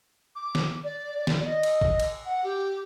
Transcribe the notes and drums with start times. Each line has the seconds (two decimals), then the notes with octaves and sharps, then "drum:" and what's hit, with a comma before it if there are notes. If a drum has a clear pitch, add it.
0.35 D6
0.55 drum: snare
0.84 D5
1.18 D5
1.27 drum: snare
1.45 D#5
1.63 drum: cymbal
1.81 drum: kick G#1
2.00 drum: cymbal
2.25 F#5
2.43 G4